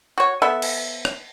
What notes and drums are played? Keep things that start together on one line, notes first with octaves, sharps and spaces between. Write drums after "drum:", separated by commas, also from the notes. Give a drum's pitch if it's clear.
F#4 C#5
B3 A4 E5
drum: cymbal
drum: rim click